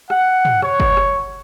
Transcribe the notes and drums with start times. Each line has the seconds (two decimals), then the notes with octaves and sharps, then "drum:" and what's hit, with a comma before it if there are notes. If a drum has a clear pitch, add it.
0.10 F#5, drum: rim click
0.45 drum: tom
0.62 C#5, drum: rim click
0.80 drum: kick F#1
0.97 drum: rim click